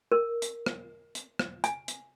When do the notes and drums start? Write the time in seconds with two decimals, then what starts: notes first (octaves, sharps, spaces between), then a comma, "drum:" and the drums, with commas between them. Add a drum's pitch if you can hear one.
0.12 A#4
0.42 drum: hi-hat
0.66 drum: rim click
1.15 drum: hi-hat
1.39 drum: rim click
1.64 G#5, drum: hi-hat
1.88 drum: hi-hat